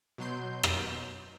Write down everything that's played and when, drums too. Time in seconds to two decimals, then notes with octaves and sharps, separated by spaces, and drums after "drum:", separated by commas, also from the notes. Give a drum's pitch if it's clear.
0.18 B2 F#3 C6 G6
0.63 drum: rim click